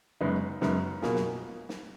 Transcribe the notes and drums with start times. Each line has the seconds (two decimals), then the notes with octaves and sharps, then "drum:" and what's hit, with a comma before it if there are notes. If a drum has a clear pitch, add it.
0.21 F#2 C#3 G#3 B3 D#4
0.61 F#2 C#3 G#3 B3 D#4, drum: snare
1.02 B2 F#3 A#3 F4 G#4, drum: snare
1.15 drum: snare
1.69 drum: snare